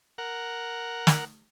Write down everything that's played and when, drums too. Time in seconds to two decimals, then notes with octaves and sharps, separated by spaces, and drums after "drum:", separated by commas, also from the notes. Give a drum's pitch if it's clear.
0.18 A#4 F#5
1.07 drum: snare